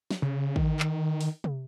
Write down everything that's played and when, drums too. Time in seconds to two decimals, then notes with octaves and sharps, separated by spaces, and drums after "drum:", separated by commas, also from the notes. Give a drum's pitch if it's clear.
0.11 drum: snare
0.22 C#3
0.56 D#3, drum: kick
0.80 drum: clap
1.21 drum: open hi-hat
1.44 drum: tom C3